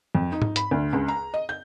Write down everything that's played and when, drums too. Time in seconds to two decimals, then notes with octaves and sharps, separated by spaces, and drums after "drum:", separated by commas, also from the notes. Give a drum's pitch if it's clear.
0.15 F2
0.32 D#4
0.42 drum: tom G#2
0.56 B5, drum: hi-hat
0.71 D2
0.93 C#2
1.08 A#5
1.34 D#5
1.49 G6